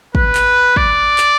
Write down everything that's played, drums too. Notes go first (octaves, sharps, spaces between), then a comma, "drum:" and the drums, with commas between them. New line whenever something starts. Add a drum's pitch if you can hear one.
B4, drum: kick
drum: clap
D5, drum: kick
drum: clap